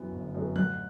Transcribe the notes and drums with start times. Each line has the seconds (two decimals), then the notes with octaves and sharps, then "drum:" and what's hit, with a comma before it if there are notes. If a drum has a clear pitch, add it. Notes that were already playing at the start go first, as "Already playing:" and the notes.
Already playing: F#2 E3 B3
0.12 G1
0.35 F#2 E3 B3
0.56 A1 F#6, drum: tom